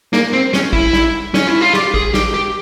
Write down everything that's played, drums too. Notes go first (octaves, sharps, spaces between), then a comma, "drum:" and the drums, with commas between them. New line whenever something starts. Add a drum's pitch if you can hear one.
A#3, drum: snare
C4
C#4, drum: snare
E4, drum: kick A1
drum: snare
C#4, drum: snare
E4
F4
G4, drum: snare
G#4, drum: kick A1
G4, drum: snare
G4